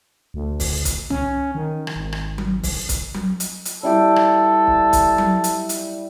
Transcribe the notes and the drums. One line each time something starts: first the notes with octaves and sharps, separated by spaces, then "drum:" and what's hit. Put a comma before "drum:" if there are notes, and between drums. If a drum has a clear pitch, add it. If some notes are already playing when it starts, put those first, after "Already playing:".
D2
drum: kick, open hi-hat
drum: kick, hi-hat
C#4, drum: tom
D#3
drum: rim click
G#1
drum: rim click
drum: tom F#3
drum: kick, open hi-hat
drum: kick, hi-hat
drum: tom F#3
drum: hi-hat
drum: hi-hat
G3 E4 G4 A4
drum: rim click
drum: kick
drum: kick, hi-hat
drum: tom F#3
drum: hi-hat
drum: hi-hat